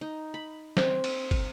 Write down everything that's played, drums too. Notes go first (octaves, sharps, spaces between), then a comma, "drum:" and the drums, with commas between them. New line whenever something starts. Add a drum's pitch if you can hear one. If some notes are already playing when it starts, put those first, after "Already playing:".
D#4
B5
C4, drum: snare
drum: cymbal
drum: kick, cymbal